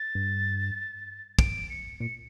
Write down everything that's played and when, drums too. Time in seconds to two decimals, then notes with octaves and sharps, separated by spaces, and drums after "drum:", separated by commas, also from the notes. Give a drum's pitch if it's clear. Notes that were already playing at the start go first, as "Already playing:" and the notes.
Already playing: A6
0.15 G2
1.39 D7, drum: kick
1.70 C#7
2.00 A#2 C#7